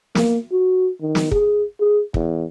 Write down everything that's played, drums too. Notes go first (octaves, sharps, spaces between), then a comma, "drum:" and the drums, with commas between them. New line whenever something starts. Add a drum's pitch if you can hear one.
A#3, drum: snare
F#4
D#3
drum: snare
G#4, drum: kick
G#4
E2, drum: kick